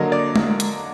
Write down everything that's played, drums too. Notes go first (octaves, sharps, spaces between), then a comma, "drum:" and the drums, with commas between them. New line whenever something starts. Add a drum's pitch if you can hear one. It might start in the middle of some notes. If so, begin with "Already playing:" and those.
Already playing: D3 F#3 A#3 D#5
D5
drum: tom G#3
drum: hi-hat